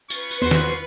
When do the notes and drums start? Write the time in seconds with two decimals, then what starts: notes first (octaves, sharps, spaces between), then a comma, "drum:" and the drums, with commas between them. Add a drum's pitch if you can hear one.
0.10 C#4 F4 B4 C#6, drum: tambourine
0.31 drum: tambourine
0.42 E2 F#4 C5
0.51 drum: snare